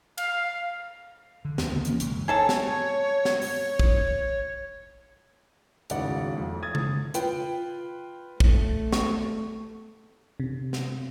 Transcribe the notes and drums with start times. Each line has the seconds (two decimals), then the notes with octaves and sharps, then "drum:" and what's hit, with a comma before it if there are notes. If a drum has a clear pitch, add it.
0.18 F5, drum: cymbal
1.45 D3
1.58 D#2, drum: snare
1.72 C#3 A#3 B3
1.85 E3 A#3 C#4, drum: hi-hat
2.00 E1 C#2 F#2 D#3, drum: hi-hat
2.28 G#4 A4 C#5 A5
2.49 drum: snare
3.25 drum: snare
3.42 drum: open hi-hat
3.79 drum: kick
5.90 D1 G#1 C#3 D5 F#5, drum: hi-hat
6.36 F2
6.63 D#6 G#6 A6
6.75 drum: tom C#3
7.14 F4 B4 G5, drum: hi-hat
8.40 A3, drum: kick
8.93 C#6, drum: snare
10.40 C3
10.73 drum: snare